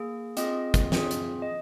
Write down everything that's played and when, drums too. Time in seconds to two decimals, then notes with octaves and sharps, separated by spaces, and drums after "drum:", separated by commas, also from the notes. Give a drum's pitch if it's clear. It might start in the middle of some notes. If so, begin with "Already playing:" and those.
Already playing: A#3 G#4
0.37 C4 F4 G#4 D#5, drum: hi-hat
0.74 drum: kick, hi-hat
0.92 C4 F4 G#4, drum: snare
1.11 drum: hi-hat
1.42 D#5